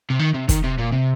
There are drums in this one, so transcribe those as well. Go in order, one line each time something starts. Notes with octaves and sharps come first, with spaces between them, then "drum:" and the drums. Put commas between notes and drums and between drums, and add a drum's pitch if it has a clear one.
C3
D#3
C3
D#3, drum: kick, hi-hat
C3
A#2
C3